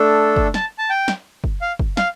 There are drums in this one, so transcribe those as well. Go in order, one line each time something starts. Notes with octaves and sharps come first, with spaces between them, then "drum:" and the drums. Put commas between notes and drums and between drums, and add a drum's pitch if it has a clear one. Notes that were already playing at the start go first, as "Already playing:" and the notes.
Already playing: A3 D4 A4
drum: kick F#1
A5, drum: snare
A5
G5
drum: snare
drum: kick F#1
F5
drum: kick F#1
F5, drum: snare